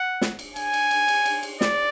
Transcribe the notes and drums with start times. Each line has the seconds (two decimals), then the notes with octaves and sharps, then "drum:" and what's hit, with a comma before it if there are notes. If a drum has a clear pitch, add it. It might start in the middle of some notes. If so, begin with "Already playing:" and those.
Already playing: F#5
0.21 drum: snare
0.39 drum: cymbal
0.56 G#5, drum: cymbal
0.73 drum: cymbal
0.91 drum: cymbal
1.08 drum: cymbal
1.26 drum: cymbal
1.43 drum: cymbal
1.61 D5, drum: snare